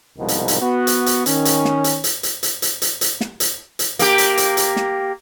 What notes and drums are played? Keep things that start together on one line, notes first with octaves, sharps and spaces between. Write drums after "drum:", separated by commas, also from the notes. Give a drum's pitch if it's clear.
C2 G#2 B2 D#3 F3
drum: hi-hat
drum: hi-hat
B3 F#4
drum: hi-hat
drum: hi-hat
D#3 C#4, drum: hi-hat
drum: hi-hat
drum: snare
drum: hi-hat
drum: hi-hat
drum: hi-hat
drum: hi-hat
drum: hi-hat
drum: hi-hat
drum: hi-hat
drum: snare
drum: hi-hat
drum: hi-hat
A#3 G4, drum: hi-hat
drum: hi-hat
drum: hi-hat
drum: hi-hat
drum: snare